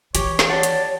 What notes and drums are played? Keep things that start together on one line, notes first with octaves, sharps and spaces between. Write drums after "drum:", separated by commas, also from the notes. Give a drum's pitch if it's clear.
E3 G4 C#5, drum: hi-hat
drum: snare
G4 C#5 D5 F#5 A5
drum: hi-hat